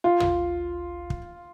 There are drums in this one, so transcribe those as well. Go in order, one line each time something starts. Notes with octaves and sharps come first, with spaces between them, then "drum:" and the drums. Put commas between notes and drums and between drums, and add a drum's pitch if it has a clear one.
F4
drum: tom
drum: kick